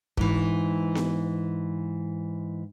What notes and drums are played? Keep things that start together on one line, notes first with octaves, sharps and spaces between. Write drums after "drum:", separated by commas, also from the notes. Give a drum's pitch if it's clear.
G#2 E3, drum: kick
drum: snare B3